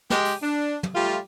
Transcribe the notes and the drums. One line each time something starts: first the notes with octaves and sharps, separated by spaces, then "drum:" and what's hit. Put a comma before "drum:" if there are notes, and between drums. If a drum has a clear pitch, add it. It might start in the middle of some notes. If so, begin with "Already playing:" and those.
G#3 G4, drum: snare
drum: open hi-hat
D4
drum: tom
G3 A3 F4